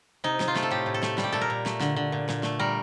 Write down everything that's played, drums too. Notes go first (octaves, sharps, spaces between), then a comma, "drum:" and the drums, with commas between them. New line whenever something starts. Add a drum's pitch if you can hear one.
C3 D#4
C3, drum: snare
F4
A3, drum: snare
A4
A2 G4
A2
A4
A3, drum: snare
G3, drum: snare
G4
A#2 A4
A#4
A#2
A3, drum: snare
D3, drum: snare
D3
A#2
A#2, drum: snare
A3, drum: snare
G3 A#4